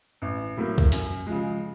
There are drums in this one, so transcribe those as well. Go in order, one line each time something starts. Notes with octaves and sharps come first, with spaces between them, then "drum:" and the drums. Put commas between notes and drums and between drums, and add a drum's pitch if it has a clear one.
A1
A2 F#3 A#3
drum: kick
F#2, drum: hi-hat
C#3 F3 G#3